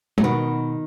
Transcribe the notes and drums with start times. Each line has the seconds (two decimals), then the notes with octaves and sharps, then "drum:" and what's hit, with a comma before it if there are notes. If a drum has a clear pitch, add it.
0.18 F#3, drum: tom
0.23 B2 D#3 B3 F#4 B4